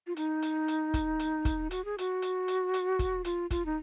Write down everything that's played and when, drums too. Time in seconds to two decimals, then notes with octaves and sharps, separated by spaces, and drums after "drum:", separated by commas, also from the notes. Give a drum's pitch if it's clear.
0.07 F4
0.16 D#4, drum: hi-hat
0.42 drum: hi-hat
0.68 drum: hi-hat
0.94 drum: kick, hi-hat
1.19 drum: hi-hat
1.45 drum: kick, hi-hat
1.71 F#4, drum: hi-hat
1.85 G#4
1.98 F#4, drum: hi-hat
2.22 drum: hi-hat
2.48 drum: hi-hat
2.74 drum: hi-hat
2.99 drum: kick, hi-hat
3.24 F4, drum: hi-hat
3.51 F4, drum: kick, hi-hat
3.66 D#4